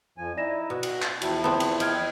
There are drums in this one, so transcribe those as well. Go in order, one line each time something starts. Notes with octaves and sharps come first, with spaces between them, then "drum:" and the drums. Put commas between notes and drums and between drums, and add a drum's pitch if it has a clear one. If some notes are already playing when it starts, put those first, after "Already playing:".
F2 F3 G#5
D#4 E4 D5 A#6 E7
B2 F#4
drum: cymbal
drum: clap
E2 F3 E4 F#4 G5 A5, drum: cymbal
B3 C4 A5
drum: cymbal
D#5 G5 F6 G#6, drum: cymbal